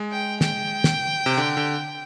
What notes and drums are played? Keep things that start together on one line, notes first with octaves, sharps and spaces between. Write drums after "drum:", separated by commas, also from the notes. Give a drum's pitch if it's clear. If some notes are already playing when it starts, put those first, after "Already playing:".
Already playing: G#3
G5
G5, drum: snare
drum: snare
C3
D3
D3